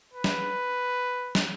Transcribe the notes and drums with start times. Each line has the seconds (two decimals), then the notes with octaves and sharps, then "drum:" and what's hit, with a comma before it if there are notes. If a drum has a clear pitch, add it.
0.14 B4
0.24 drum: snare
1.35 drum: snare